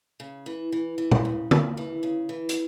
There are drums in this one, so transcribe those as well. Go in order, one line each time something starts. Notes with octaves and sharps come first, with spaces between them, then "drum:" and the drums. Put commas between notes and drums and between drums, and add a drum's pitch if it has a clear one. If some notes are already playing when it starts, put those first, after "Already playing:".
C#3
E3
E3
E3
drum: tom A#2
C#3
C#3, drum: tom
E3
C#3
E3
drum: hi-hat